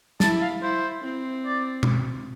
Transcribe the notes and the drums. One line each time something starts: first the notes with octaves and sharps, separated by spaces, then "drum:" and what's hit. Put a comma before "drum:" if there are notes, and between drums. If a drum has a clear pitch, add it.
E4 A5, drum: snare
F5
E4 C5
C4
D5
drum: tom B2